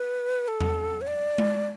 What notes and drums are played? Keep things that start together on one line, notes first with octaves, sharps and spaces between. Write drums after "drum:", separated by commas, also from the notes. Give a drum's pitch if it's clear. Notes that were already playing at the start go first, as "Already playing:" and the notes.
Already playing: B4
A4
drum: tom E2
C#5
D5
drum: tom G#3